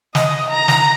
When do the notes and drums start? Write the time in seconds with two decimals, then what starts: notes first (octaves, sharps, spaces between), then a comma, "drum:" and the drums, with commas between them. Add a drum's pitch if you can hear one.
0.15 D#5, drum: snare
0.50 A#5
0.68 drum: snare